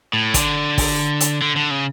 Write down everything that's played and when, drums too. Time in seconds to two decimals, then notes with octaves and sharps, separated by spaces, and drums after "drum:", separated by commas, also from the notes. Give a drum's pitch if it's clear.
0.13 A2
0.34 D3, drum: kick, hi-hat
0.78 drum: kick, open hi-hat
1.20 drum: hi-hat
1.42 D3
1.56 D3
1.71 C#3